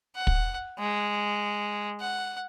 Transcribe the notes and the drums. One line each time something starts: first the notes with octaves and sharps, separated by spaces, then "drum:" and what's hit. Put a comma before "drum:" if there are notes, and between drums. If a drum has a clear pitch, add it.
F#5
drum: kick
G#3
F#5